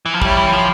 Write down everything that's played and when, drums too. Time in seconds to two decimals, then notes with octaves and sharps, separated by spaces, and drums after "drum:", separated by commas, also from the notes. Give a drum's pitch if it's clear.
0.06 E3
0.14 F3
0.22 G3 E4 G4 C#5, drum: kick
0.37 E3
0.53 F3